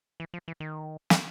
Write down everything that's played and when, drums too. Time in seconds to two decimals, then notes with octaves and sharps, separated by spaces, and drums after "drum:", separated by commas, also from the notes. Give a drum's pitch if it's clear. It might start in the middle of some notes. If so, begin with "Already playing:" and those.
0.20 E3
0.34 F3
0.48 E3
0.60 D#3
1.10 drum: snare